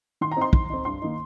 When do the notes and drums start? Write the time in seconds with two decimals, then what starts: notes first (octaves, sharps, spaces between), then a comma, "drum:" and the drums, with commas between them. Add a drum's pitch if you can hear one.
0.21 D#3 C6
0.31 A#5
0.37 C4 D#4 C6
0.53 D#3, drum: kick
0.70 C4 D#4
0.85 G2 C6
1.02 D#3 A#3 D#4